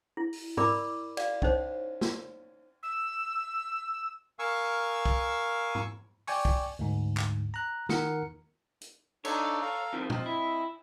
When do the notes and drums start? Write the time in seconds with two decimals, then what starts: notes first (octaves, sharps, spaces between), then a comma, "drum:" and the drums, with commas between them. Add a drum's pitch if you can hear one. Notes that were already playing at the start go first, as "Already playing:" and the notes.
0.17 E4
0.33 drum: open hi-hat
0.57 E4 A#4 D5 B5 D6 E6, drum: tom
1.17 D5 F5, drum: cymbal
1.42 C#4 D#4 C5 C#5, drum: kick
2.01 drum: snare
2.83 E6
4.39 A#4 F5 G#5 C#6 E6
5.06 drum: kick
5.75 drum: tom
6.27 D5 G5 G#5 C#6, drum: open hi-hat
6.45 drum: kick
6.79 D2 G#2
7.17 drum: clap
7.54 A#5 F#6
7.89 D#3 A#4 F#5 C#7, drum: snare
8.81 drum: hi-hat
9.25 D4 D#4 A4 C#5, drum: cymbal
9.62 A4 F5 A#5
9.93 F2 D#3 F3
10.10 F3 C4 D#5, drum: tom
10.26 E4